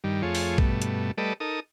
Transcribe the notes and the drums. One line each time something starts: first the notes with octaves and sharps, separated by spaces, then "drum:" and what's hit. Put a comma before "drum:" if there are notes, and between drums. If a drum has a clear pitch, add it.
G2 D#3 G3
F2 A3 F4 G#4 C#5
drum: open hi-hat
G2 B2 A3, drum: kick
drum: hi-hat
G3 A3 A4 B4 D5 D#5
D#4 A4 A#4 D#6